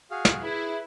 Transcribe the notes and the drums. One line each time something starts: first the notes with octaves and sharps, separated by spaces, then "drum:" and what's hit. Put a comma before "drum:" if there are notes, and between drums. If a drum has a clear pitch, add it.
F#4 G#4 F5
drum: snare
E4 G#4 B4